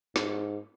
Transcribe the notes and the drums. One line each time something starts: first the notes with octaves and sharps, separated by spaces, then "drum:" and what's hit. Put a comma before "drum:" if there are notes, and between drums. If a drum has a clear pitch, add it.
G#2, drum: snare